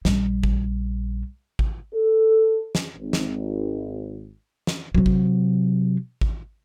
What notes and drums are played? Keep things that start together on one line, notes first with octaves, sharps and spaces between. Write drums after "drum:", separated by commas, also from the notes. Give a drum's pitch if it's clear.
A#1 G3, drum: snare
drum: kick G#1
drum: kick G#1
A4
drum: snare
G#1
drum: snare
drum: snare
C3 F#3
drum: kick G#1
drum: kick G#1